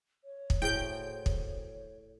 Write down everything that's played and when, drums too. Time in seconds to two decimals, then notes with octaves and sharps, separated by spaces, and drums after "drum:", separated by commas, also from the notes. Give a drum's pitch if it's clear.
0.25 C#5
0.50 drum: kick
0.62 A2 F#4 G#4 C5 G5 G6
1.26 drum: kick